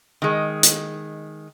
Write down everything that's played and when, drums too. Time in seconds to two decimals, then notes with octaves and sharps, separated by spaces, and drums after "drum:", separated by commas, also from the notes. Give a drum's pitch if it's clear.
0.22 D#3 G#3
0.63 drum: hi-hat